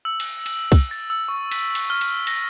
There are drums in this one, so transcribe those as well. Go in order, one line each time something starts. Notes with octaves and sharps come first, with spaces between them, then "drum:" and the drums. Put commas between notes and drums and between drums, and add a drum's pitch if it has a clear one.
E6
drum: cymbal
drum: cymbal
drum: kick, cymbal
A6
E6
C#6
B6, drum: cymbal
drum: cymbal
F6
drum: cymbal
A#6, drum: cymbal